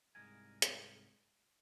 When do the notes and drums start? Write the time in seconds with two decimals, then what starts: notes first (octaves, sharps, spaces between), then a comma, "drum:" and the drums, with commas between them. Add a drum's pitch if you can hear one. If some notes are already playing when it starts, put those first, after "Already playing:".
0.15 C2 G#2 G#4 A#4 G#5
0.62 drum: hi-hat